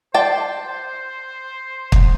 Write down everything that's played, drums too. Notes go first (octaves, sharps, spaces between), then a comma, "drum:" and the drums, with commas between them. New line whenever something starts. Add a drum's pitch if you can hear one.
C5 D5 G5 A5
drum: kick